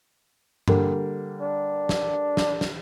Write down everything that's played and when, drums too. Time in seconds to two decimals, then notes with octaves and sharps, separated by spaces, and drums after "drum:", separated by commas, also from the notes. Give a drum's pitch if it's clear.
0.68 D3 G3 A#3, drum: tom G2
1.41 D4
1.89 drum: snare
2.37 drum: snare
2.61 drum: snare